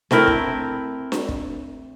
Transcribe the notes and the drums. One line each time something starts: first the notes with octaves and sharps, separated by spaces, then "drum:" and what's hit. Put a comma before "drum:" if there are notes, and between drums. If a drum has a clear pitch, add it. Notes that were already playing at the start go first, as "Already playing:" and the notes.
A3 C4 E4 A#4, drum: snare D4
drum: kick
drum: snare D4
drum: kick